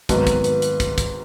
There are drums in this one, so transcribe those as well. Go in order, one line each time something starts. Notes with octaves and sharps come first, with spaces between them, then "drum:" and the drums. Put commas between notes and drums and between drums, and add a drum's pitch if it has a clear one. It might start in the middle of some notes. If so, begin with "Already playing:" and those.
G#1 G#2 D#3 F#3 B3 B4, drum: kick, hi-hat
drum: kick, hi-hat
B4, drum: hi-hat
drum: hi-hat
drum: kick, hi-hat
drum: kick, hi-hat